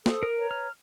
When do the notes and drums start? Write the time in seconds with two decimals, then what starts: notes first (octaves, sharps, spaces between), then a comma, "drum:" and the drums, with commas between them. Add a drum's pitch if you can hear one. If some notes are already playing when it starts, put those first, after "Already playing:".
0.06 A4 C5 D#6, drum: snare
0.23 A#4
0.36 B4 C#5 A#5
0.51 F6